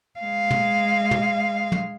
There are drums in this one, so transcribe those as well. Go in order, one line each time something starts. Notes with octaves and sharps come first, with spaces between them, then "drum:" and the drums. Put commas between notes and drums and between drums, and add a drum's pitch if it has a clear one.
G#3 F5
drum: tom
drum: tom
drum: tom